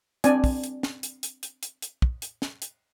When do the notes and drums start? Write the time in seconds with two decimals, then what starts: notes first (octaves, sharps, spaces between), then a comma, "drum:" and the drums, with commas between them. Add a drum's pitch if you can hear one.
0.24 C4 D4 D5 G#5, drum: hi-hat
0.44 drum: kick, open hi-hat
0.64 drum: hi-hat
0.83 drum: snare
1.03 drum: hi-hat
1.23 drum: hi-hat
1.43 drum: hi-hat
1.63 drum: hi-hat
1.82 drum: hi-hat
2.02 drum: kick
2.22 drum: hi-hat
2.42 drum: snare
2.62 drum: hi-hat